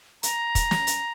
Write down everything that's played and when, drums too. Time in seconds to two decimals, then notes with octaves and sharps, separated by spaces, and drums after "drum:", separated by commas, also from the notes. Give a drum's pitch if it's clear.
0.23 A#5, drum: hi-hat
0.55 drum: kick, hi-hat
0.71 drum: snare
0.87 drum: hi-hat